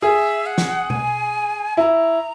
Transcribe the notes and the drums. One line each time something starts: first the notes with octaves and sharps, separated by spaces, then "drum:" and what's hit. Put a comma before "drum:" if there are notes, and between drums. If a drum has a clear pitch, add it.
G#4 E5
F#5
drum: snare
G#5, drum: tom B2
E4 A#5